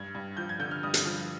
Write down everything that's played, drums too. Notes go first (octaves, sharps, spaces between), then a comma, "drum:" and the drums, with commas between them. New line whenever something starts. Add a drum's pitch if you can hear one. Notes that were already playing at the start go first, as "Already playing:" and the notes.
Already playing: G2 G#6
G2
F3 G6
G#6
D3 G6
F6
G2 D#6
drum: hi-hat
F3